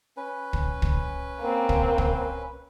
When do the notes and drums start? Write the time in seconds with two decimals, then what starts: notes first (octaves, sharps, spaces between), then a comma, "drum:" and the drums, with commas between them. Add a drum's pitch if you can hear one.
0.17 C#4 B4
0.53 drum: kick
0.82 drum: kick
1.40 A#3 C4
1.69 drum: kick
1.98 drum: kick